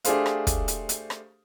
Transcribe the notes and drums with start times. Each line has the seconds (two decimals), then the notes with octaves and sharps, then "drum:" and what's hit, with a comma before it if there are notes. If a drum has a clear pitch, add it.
0.05 A3 D4 G4 G#4 C5 F5, drum: hi-hat
0.26 drum: rim click
0.47 drum: kick, hi-hat
0.68 drum: hi-hat
0.89 drum: hi-hat
1.10 drum: rim click